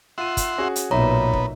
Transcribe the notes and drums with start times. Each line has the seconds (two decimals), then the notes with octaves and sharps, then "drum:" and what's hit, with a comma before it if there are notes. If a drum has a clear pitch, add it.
0.18 F4 E5 F#5 C6 D#7
0.37 drum: kick, hi-hat
0.58 C#4 F#4 G#4
0.76 drum: hi-hat
0.91 B1 A#2 B3 D#4 C#5 E5 A#5
1.34 drum: kick